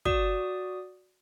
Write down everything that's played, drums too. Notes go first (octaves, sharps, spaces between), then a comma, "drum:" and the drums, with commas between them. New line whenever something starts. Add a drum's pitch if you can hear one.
F#4 D5 D#6, drum: kick